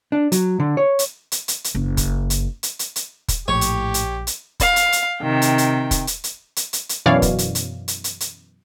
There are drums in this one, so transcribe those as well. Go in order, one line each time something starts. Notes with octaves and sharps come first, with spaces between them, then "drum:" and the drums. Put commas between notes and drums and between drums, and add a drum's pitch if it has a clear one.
D4
F#3, drum: hi-hat
D3
C#5
drum: hi-hat
drum: hi-hat
drum: hi-hat
drum: hi-hat
F#1
drum: kick, hi-hat
drum: hi-hat
drum: hi-hat
drum: hi-hat
drum: hi-hat
drum: kick, hi-hat
A#1 A2 G4 C#5
drum: hi-hat
drum: hi-hat
drum: hi-hat
F5, drum: kick, hi-hat
drum: hi-hat
drum: hi-hat
C3 D#3 G5
drum: hi-hat
drum: hi-hat
drum: kick, hi-hat
drum: hi-hat
drum: hi-hat
drum: hi-hat
drum: hi-hat
drum: hi-hat
F#2 B2 E3 C#5 D5 F5
drum: kick, hi-hat
drum: hi-hat
drum: hi-hat
drum: hi-hat
drum: hi-hat
drum: hi-hat